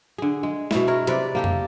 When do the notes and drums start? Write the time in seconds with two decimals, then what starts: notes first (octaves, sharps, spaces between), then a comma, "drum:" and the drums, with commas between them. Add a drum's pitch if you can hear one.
0.18 D3 G#4
0.43 G#3
0.71 B2 E4, drum: snare
0.87 G#3 A#4 C#5
1.07 C3 B4 D5, drum: hi-hat
1.35 A#3 G4 A4
1.44 drum: tom F2